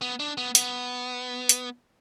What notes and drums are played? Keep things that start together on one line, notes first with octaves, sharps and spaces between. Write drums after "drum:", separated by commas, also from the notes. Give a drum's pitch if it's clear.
B3
D4
B3
B3, drum: hi-hat
drum: hi-hat